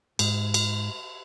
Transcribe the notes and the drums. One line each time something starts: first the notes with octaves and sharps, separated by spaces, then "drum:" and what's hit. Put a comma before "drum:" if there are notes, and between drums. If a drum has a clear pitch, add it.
G#2, drum: cymbal
drum: cymbal